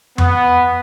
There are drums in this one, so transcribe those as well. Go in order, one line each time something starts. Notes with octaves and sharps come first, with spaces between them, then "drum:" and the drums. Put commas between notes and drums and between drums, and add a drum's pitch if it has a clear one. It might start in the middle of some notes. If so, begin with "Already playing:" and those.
B3, drum: tom F2